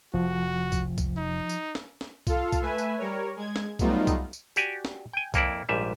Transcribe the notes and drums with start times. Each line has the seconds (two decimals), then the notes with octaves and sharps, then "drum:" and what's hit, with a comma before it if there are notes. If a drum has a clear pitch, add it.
0.14 F1 F3 F#4
0.72 drum: kick C2, tambourine
0.98 drum: kick C2, tambourine
1.17 D#4
1.49 drum: tambourine
1.75 drum: snare
2.01 drum: snare
2.27 F4 A4 F5, drum: kick C2, tambourine
2.53 drum: kick C2, tambourine
2.62 A3 B4 E5 G#5
2.78 drum: tambourine
2.98 G3 A#4 C#5
3.37 G#3 G#6
3.56 drum: snare
3.79 F#3 G3 A3 B3 D#4 F4, drum: kick C2, tambourine
4.07 drum: kick C2, tambourine
4.33 drum: tambourine
4.56 F#4 G4 D5 G#5, drum: tambourine
4.85 drum: snare
5.13 G5 G#5
5.34 F2 A#3 E4 D5, drum: kick C2, tambourine
5.69 A#1 G#2 G3 E5